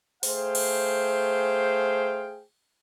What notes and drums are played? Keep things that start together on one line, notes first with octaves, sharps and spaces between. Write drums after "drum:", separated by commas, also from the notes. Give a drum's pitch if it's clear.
A3 G#4 C5 F5 G5, drum: open hi-hat
drum: cymbal